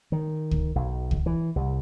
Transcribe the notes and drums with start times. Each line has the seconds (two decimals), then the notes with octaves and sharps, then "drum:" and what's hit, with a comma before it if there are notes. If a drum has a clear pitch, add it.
0.12 D#3
0.51 drum: kick
0.75 B1
1.11 drum: kick
1.26 E3
1.56 C2